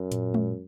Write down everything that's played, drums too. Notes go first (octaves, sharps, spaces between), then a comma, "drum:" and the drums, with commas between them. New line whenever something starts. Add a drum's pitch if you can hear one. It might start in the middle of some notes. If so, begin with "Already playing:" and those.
Already playing: F#2
A#2, drum: hi-hat
drum: tom G#3